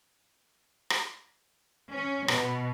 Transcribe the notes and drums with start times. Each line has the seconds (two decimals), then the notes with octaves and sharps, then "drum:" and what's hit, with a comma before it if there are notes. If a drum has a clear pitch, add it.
0.90 drum: rim click
1.93 C#4
2.28 B2, drum: rim click